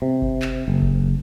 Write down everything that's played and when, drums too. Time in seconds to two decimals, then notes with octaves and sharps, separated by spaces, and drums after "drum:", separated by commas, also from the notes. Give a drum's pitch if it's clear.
0.02 C3
0.22 drum: kick F#1
0.42 drum: clap
0.68 F#1
0.82 drum: kick F#1